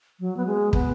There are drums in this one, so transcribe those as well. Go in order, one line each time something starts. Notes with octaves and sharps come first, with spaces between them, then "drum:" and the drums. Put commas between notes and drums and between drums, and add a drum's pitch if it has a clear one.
F#3
B3
G#3
B3, drum: kick